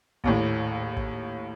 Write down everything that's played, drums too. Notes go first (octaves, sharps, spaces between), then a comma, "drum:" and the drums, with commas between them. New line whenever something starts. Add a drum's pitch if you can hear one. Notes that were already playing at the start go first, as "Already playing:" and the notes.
A#1 D#2 A2, drum: kick
drum: kick